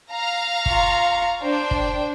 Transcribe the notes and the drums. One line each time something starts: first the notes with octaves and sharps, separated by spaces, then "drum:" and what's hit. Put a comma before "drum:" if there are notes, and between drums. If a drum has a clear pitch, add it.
F5 A#5
F4 C#6, drum: kick
D4 C5 G5
drum: kick